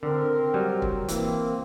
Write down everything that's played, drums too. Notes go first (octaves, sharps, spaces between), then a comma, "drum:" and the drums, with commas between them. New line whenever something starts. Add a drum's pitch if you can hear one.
D3 C4 A#4
F#3 G3
drum: kick
E3 A#3 C4, drum: hi-hat